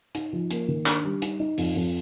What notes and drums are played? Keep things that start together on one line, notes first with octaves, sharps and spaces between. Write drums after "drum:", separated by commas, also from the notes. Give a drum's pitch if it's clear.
D#4, drum: hi-hat
F3
A#3, drum: hi-hat
D#3
D4, drum: clap
G3
D#4, drum: hi-hat
D#4
F2, drum: open hi-hat
F2